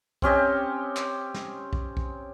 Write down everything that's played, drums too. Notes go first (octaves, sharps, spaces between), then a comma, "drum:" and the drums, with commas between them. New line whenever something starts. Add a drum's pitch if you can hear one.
C4 C#4 G4 D#5, drum: kick B1
drum: clap
drum: snare
drum: kick B1
drum: kick B1